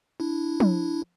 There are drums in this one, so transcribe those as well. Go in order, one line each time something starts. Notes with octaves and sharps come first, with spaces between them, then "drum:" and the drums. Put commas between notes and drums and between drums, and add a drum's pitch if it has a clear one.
D4 E4
drum: tom F3